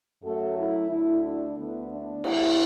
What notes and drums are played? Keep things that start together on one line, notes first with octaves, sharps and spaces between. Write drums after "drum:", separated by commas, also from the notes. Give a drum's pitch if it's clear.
F#2 F#3 A3 A4
E4
D2 D3 A3 E4
D4
D2 D3 A3 B3
D4
E2 D3 A3 E4, drum: cymbal